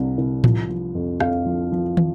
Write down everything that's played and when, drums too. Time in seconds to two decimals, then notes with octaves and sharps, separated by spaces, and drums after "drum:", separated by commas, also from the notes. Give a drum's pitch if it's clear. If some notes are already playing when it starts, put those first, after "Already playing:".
Already playing: C2 C3 G3
0.18 C2
0.44 F3, drum: tom A2
0.69 F3
0.95 F2
1.20 F2 F5, drum: rim click
1.46 F3
1.72 F3
1.97 drum: tom